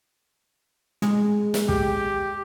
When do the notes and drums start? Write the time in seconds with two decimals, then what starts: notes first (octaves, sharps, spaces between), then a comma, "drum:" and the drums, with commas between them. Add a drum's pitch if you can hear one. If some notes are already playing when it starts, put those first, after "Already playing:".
1.02 G#3, drum: tom A2
1.54 drum: snare
1.69 G4, drum: kick